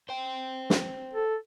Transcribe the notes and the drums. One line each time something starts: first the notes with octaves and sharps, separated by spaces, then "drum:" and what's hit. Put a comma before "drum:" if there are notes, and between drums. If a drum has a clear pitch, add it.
C5 G5
drum: snare
A4